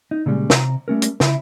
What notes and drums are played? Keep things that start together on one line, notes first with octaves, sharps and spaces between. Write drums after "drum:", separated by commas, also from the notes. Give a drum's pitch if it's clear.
D#4
A#2 C#3 F3 G3 G#3
C3 A#5, drum: snare
G3 A3 C#4 A#4
drum: hi-hat
C#3 E4, drum: snare